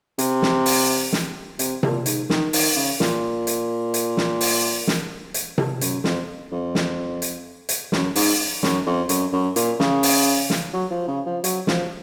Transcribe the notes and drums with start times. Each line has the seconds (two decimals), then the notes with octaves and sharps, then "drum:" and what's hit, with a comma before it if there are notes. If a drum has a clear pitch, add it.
0.19 C3, drum: hi-hat
0.42 drum: snare
0.66 drum: open hi-hat
1.13 drum: snare
1.59 C3, drum: hi-hat
1.83 A#2, drum: tom C3
2.06 G#2, drum: hi-hat
2.30 D#3, drum: snare
2.53 D#3, drum: open hi-hat
2.76 C#3
3.00 A#2, drum: snare
3.47 drum: hi-hat
3.94 drum: hi-hat
4.17 drum: snare
4.41 drum: open hi-hat
4.87 drum: snare
5.34 drum: hi-hat
5.58 drum: tom C3
5.81 F#2, drum: hi-hat
6.04 F2, drum: snare
6.52 F2
6.75 drum: snare
7.22 drum: hi-hat
7.69 drum: hi-hat
7.92 F#2, drum: snare
8.16 G#2, drum: open hi-hat
8.63 F#2, drum: snare
8.86 F2
9.09 F#2, drum: hi-hat
9.33 F#2
9.56 A#2, drum: hi-hat
9.80 C#3, drum: snare
10.03 drum: open hi-hat
10.50 drum: snare
10.73 F#3
10.91 F3
11.08 C#3
11.26 F3
11.44 F#3, drum: hi-hat
11.67 F3, drum: snare